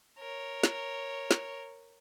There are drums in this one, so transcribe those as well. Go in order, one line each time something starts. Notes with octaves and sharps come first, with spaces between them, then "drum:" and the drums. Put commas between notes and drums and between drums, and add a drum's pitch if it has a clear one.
A#4 C#5
drum: snare
drum: snare